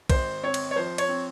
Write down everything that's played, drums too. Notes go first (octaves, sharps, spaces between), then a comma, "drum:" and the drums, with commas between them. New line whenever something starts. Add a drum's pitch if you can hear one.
G#1 C5, drum: kick B1, cymbal
C4 C#5
drum: cymbal
C#5
F3 C5
C#5, drum: cymbal
C4